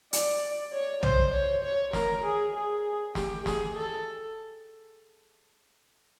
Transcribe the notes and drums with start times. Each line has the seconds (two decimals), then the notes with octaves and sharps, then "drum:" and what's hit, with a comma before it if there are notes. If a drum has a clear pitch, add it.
0.13 D5, drum: hi-hat
0.73 C#5
1.03 C5, drum: tom B1
1.34 C#5
1.63 C#5
1.93 A#4, drum: snare
2.24 G#4
2.54 G#4
3.15 G4, drum: snare
3.46 G#4, drum: snare
3.76 A4